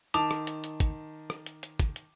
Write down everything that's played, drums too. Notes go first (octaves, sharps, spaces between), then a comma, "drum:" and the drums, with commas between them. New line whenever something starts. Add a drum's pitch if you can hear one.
D#3 A5 D6 F7, drum: hi-hat
drum: rim click
drum: hi-hat
drum: hi-hat
drum: kick, hi-hat
drum: rim click
drum: hi-hat
drum: hi-hat
drum: kick, hi-hat
drum: hi-hat